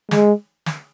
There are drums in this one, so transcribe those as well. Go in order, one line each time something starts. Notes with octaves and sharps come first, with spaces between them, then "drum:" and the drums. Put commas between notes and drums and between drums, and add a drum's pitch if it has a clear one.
G#3, drum: snare
drum: snare